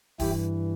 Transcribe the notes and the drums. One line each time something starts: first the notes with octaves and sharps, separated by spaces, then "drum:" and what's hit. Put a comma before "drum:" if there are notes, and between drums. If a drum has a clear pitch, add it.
G2 E3 E4 G4, drum: kick D1, open hi-hat